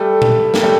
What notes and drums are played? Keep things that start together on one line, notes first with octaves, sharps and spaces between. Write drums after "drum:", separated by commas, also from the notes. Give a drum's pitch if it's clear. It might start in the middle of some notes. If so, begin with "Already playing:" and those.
Already playing: G3 A3
drum: tom A#2
A#3, drum: snare
G3 A3